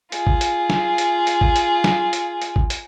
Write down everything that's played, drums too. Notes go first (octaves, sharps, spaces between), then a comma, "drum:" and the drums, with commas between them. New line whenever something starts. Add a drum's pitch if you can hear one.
F4 G#4, drum: hi-hat
drum: kick G#1
drum: hi-hat
drum: snare
drum: hi-hat
drum: hi-hat
drum: kick G#1
drum: hi-hat
drum: snare
drum: hi-hat
drum: hi-hat
drum: kick G#1
drum: hi-hat